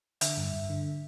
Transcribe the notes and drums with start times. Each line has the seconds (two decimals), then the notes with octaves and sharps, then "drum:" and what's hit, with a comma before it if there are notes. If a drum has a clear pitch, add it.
0.21 D3 E5, drum: hi-hat
0.37 G2
0.53 G2
0.69 D3